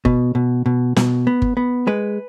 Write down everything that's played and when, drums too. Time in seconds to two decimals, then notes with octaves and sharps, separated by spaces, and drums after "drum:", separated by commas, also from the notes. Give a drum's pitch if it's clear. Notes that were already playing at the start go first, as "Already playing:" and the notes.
0.05 B2, drum: kick G1
0.35 B2
0.66 B2
0.96 B2, drum: snare
1.27 B3
1.42 drum: kick G1
1.57 B3
1.87 G#3 B4